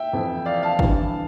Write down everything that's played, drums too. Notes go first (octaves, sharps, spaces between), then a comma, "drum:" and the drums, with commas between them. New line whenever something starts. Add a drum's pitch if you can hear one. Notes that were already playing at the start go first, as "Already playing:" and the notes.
Already playing: E5 G5
F2 E3
D5 F5
F5 A5
G2 E3, drum: kick